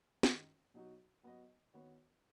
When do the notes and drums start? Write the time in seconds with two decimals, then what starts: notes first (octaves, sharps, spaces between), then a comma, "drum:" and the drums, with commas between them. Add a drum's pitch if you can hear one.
0.23 F#2 D#3 G#3, drum: snare
0.74 B2 F#3 D#4 F#4
1.23 F#3 B3 F#4 D#5
1.74 D#3 B3 F#4 C#5